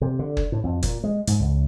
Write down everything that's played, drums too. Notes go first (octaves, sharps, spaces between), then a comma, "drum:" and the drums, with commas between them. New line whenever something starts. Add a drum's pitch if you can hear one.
C3
D3
drum: kick
A2
F2
A#2, drum: kick, hi-hat
G#3
G#2, drum: hi-hat
C#2